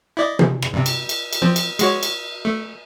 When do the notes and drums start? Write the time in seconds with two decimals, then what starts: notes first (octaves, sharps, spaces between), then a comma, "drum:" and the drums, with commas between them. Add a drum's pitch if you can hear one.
0.17 E4 D5 D#5
0.39 drum: tom
0.62 drum: rim click
0.73 G2 C3
0.86 drum: cymbal
1.09 drum: cymbal
1.33 drum: cymbal
1.42 F3 C4
1.56 drum: cymbal
1.79 G#3 F#4 C#5, drum: cymbal
2.03 drum: cymbal
2.45 A3